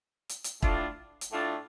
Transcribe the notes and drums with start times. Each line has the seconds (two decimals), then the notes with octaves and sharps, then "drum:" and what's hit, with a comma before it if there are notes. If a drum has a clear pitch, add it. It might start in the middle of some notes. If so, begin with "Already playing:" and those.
0.29 drum: hi-hat
0.44 drum: hi-hat
0.62 A2 A3 D4 F4, drum: kick
1.21 drum: hi-hat
1.32 A2 A3 D4 F4